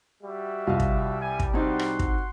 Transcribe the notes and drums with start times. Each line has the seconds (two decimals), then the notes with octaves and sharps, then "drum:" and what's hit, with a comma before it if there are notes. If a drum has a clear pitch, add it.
0.23 G3 F#4 E5
0.67 C2 F4 D#5 F5
0.80 drum: kick
1.20 E5 G#5
1.39 drum: kick
1.53 C4 D#4 F#4 F#5 C6
1.79 drum: rim click
1.99 drum: kick